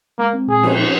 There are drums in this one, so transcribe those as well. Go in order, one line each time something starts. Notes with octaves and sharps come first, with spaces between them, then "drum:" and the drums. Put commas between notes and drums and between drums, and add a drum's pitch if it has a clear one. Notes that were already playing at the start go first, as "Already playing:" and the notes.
G#3 A#3
C4
A#2 G#4
F3, drum: cymbal
D#4